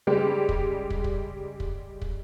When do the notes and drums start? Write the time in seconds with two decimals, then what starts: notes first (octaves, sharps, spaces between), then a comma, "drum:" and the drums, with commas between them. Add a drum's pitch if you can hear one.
0.07 C#3 G3 G#3 G4
0.49 drum: kick
0.90 drum: kick
1.04 drum: kick
1.60 drum: kick
2.02 drum: kick